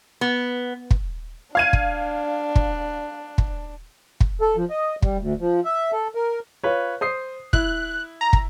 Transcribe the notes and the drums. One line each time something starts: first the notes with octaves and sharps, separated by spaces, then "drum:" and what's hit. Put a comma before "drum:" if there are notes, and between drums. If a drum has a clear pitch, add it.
B3
drum: kick
D4 F5 G#6 D#7
drum: kick
drum: kick
drum: kick
drum: kick
A4
F3
D#5
G3, drum: kick
D2
F3
E5
A4
A#4
F4 B4 C#5
C5 D#6 C7
E4 F#6, drum: kick
A#5
drum: kick